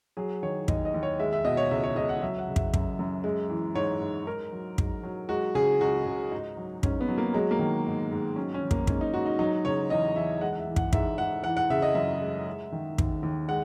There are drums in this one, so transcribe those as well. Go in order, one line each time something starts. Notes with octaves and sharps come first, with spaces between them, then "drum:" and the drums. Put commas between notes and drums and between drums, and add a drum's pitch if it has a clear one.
F#3 G#4
D#3 C#5
D#2 D#5, drum: kick
D#5
D#2
C#5
G#3 E5
E5
B2 D#5
C#5
C#2 E5
C#5
C#2 D#5
F#5
F#3 E5
F#5
C#3
E5, drum: kick
F#2, drum: kick
F#2
G#3
E3
G#2 C#5
G#2
G#2 A#4
F#3
G#2, drum: kick
F#3
G#3 F#4
C#3 G#4
C#2 F#4
C#2
G#2 D#4
F#3
G#2 C#4, drum: kick
B3
F#3
A#3
F#3 G#3
A#3
D#3
G#2
G#2
F#3 C#4
C#4
D#3
A#3, drum: kick
G#2 C#4, drum: kick
D#4
G#2 F#4
D#4
F#3 D#4
C#3 C#5
E2 D#5
E2 E5
G#3 F#5
F#5
E5
E3
F#5, drum: kick
G#2 E5, drum: kick
G#2 F#5
E3 F#5
F#5
C#3 E5
D#5
F#2 E5
G#3
G#3
D#3
D#2, drum: kick
D#2
G#3 F#5